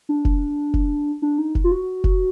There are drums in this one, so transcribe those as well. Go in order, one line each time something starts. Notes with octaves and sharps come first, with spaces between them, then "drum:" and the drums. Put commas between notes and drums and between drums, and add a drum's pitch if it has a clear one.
D4
drum: kick F1
drum: kick F1
D4
D#4
drum: kick F1
F4
F#4
drum: kick F1